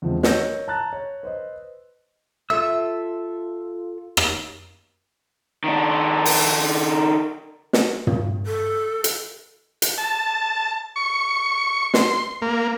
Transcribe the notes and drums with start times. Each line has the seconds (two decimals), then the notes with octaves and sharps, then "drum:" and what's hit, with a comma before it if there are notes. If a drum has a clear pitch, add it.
0.02 E2 D3 F3 G#3 C4
0.23 A#4 C#5 D#5 E6 G6 A#6, drum: snare
0.68 A5 A#5 F#6 A6
0.93 C#5
1.23 B4 C5 D#5
2.50 F4 A4 E5 E6
4.17 drum: rim click
5.64 D#3 D4
6.25 drum: open hi-hat
7.73 drum: snare
8.07 drum: tom
8.45 A4
9.04 drum: hi-hat
9.82 drum: hi-hat
9.98 A5
10.96 C#6
11.94 C6, drum: snare
12.42 A#3